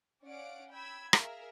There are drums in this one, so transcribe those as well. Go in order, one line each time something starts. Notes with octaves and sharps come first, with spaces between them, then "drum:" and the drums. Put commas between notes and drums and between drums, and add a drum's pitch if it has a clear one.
C#4 D5 F5 F#5 D7
G5 B5 E6 G#6
G#4 A#4 E5 F5, drum: rim click